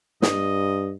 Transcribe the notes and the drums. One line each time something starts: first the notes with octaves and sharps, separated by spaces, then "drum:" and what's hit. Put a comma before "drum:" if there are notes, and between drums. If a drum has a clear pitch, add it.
G2 D#5, drum: snare